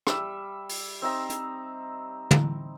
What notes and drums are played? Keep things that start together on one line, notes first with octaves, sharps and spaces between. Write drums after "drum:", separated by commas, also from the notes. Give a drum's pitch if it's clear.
G3 E5, drum: rim click
drum: open hi-hat
C4 D#4 E5 A#5
drum: hi-hat
drum: tom